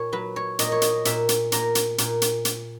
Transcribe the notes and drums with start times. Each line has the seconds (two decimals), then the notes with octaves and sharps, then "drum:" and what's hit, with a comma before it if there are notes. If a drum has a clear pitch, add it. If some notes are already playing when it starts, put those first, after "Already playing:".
Already playing: A#2 C#5
0.12 F#3 B4
0.36 C#5
0.59 A#2 D#5, drum: hi-hat
0.72 C#5
0.82 D#5, drum: hi-hat
1.05 A#2 E5, drum: hi-hat
1.29 drum: hi-hat
1.52 A#2 A#5, drum: hi-hat
1.75 drum: hi-hat
1.98 A#2, drum: hi-hat
2.22 drum: hi-hat
2.45 drum: hi-hat